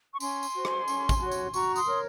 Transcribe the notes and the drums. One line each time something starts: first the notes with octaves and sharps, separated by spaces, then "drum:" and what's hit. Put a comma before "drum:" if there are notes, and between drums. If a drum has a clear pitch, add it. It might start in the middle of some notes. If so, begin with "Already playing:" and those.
C#6
C#4 G#5 C6, drum: tambourine
drum: tambourine
F#4 C5
drum: rim click
C#4, drum: tambourine
drum: kick, tambourine
F#4 C#5
drum: tambourine
F#4 A#5 C#6, drum: tambourine
C6 D#6, drum: tambourine
A#4 C#5